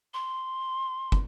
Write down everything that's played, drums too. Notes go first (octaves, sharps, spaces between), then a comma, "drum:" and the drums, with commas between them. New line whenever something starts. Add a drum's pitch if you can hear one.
C6
drum: kick